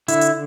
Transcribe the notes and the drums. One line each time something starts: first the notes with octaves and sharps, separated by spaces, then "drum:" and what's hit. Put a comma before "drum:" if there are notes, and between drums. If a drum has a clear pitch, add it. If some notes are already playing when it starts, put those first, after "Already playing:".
D3 E4, drum: hi-hat
drum: hi-hat